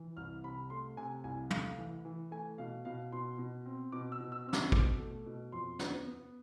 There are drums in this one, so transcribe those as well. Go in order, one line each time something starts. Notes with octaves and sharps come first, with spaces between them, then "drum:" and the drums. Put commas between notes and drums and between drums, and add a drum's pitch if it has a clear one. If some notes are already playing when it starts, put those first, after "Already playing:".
Already playing: E3
C2 F6
C3 B5
A3 C6
C3 G#5
C2 G#5
A3 F5, drum: tom
E3
E3
A3 G#5
B2 F5
B2 F5
B2 C6
B2
C4
B2 D6
E6
B2
E6
C4 E6
D6, drum: snare
B2 D6, drum: kick
A3
B2
F2 C6
B3, drum: snare
B3